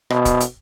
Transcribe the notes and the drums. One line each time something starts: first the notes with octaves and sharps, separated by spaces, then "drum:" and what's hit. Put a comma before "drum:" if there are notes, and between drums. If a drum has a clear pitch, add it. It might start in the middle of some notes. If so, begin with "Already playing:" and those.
B2, drum: rim click
drum: kick, hi-hat
drum: hi-hat